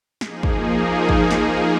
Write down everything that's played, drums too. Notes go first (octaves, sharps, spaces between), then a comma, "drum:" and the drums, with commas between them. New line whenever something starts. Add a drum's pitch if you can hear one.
F3 A#3 D#4 G#4, drum: snare
drum: kick
drum: kick
drum: snare